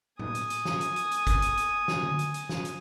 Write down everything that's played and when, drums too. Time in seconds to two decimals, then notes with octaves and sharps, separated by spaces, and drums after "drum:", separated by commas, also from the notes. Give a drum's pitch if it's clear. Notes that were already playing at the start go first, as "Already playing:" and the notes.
0.19 G#5 D#6, drum: tom
0.35 drum: hi-hat
0.50 drum: hi-hat
0.65 drum: snare
0.81 drum: hi-hat
0.96 drum: hi-hat
1.11 drum: hi-hat
1.27 drum: kick, hi-hat
1.42 drum: hi-hat
1.57 drum: hi-hat
1.88 drum: snare
2.03 drum: tom D3
2.19 drum: hi-hat
2.34 drum: hi-hat
2.49 drum: snare
2.65 drum: hi-hat